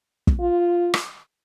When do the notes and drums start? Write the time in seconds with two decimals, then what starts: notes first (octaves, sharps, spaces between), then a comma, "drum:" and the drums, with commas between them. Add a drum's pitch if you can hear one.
0.27 drum: kick
0.40 F4
0.94 drum: rim click